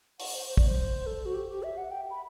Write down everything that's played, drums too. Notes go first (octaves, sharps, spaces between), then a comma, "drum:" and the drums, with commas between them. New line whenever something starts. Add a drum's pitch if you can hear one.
F#5, drum: open hi-hat
C5
C5
D5, drum: kick
C5
A4
F#4
G4
G4
E5
F#5
G5
B5